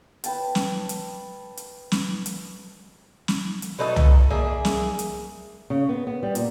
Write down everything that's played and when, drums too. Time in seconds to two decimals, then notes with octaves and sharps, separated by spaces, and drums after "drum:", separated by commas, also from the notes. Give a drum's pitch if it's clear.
0.24 B4 G5 A5, drum: hi-hat
0.55 drum: snare
0.89 drum: hi-hat
1.57 drum: hi-hat
1.92 drum: snare
2.26 drum: hi-hat
3.28 drum: snare
3.62 drum: hi-hat
3.79 B2 A3 D#4 A4
3.96 drum: tom
4.30 A#3 G#4 E5
4.65 drum: snare
4.99 drum: hi-hat
5.70 C#3
5.89 B3
6.07 B3
6.23 G3
6.35 A#2, drum: hi-hat